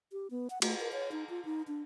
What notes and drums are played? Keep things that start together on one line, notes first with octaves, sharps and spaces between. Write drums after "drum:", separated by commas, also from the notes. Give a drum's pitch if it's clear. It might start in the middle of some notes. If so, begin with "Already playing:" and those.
G4
B3
F#5
A3, drum: cymbal
A#4
C#5
D#4
F4
D#4
D4